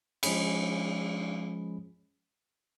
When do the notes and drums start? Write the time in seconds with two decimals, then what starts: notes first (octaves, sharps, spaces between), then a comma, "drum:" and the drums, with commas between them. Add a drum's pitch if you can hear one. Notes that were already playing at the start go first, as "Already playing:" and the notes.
0.23 F3 G#3 C#4 G#4 B5, drum: cymbal